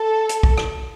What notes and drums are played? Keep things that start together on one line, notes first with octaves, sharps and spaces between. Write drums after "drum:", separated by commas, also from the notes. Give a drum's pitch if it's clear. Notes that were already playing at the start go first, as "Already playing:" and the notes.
Already playing: A4
drum: hi-hat
drum: kick
drum: rim click